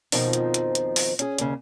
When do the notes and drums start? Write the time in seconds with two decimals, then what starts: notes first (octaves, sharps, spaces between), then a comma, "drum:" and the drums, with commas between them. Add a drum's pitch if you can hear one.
0.12 F2 B2 D#3 F3 C4 D#4, drum: open hi-hat
0.33 drum: hi-hat
0.54 drum: hi-hat
0.75 drum: hi-hat
0.96 drum: open hi-hat
1.19 C#4 G#4, drum: hi-hat
1.38 D#2 C#3, drum: hi-hat